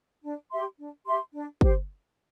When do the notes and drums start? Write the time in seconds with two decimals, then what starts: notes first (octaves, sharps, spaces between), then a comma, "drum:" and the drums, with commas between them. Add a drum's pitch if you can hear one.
0.23 D4
0.51 G4 E5 C6
0.78 D4
1.05 G4 E5 C6
1.34 D4
1.61 G4 C5, drum: kick